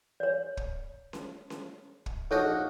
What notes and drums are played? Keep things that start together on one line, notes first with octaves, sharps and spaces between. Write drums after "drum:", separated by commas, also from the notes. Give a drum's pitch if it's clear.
C#5 D5
drum: kick
drum: snare C#4
drum: snare C#4
drum: kick
A#1 D#4 F#4 A4 C#5 D#5